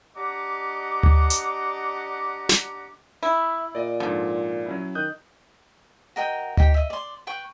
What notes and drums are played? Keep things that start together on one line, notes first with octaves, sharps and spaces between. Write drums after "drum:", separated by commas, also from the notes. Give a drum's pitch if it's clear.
D4 G4 D#5 F#5 A#5 D6
drum: tom D2
drum: hi-hat
drum: snare
E4 E5
A#2 D5 D#5
G#2 D3 F3
F#3 C#4 E4
D#3 D#6 F#6 G6
F#4 A#4 D#5 G5
D#4 G4 G5, drum: tom D2
D#5 E5
D5 C6
B4 G5 C#6